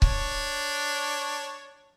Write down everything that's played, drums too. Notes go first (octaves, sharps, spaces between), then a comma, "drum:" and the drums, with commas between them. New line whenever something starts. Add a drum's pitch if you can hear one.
D4 C#5, drum: kick C#1